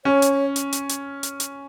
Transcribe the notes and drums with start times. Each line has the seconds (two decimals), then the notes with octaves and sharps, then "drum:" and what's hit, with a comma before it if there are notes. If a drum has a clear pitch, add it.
0.05 C#4 C#5
0.22 drum: hi-hat
0.56 drum: hi-hat
0.73 drum: hi-hat
0.89 drum: hi-hat
1.23 drum: hi-hat
1.40 drum: hi-hat